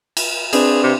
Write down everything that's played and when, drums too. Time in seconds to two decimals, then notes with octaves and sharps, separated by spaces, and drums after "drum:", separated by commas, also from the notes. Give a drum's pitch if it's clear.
0.17 drum: cymbal
0.53 C4 D4 G#4 B4, drum: cymbal
0.83 C3